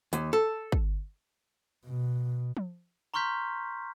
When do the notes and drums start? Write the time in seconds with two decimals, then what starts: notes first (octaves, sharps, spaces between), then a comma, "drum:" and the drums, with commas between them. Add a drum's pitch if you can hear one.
0.13 D#2, drum: hi-hat
0.33 A4
0.72 drum: kick
1.86 B2
2.57 drum: tom F3
3.14 A#5 C6 C#6 F6 G6 B6